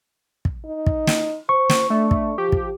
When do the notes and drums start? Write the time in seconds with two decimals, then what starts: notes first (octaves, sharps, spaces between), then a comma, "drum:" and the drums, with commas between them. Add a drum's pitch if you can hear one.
0.45 drum: kick
0.65 D#4
0.87 drum: kick
1.07 drum: snare
1.49 C5 C#6
1.69 drum: snare
1.90 A3 D4
2.11 drum: kick
2.38 F3 G4
2.52 drum: kick